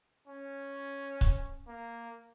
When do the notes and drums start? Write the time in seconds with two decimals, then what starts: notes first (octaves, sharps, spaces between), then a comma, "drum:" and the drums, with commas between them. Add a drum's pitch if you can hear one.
0.28 C#4
1.21 drum: kick C#1
1.68 A#3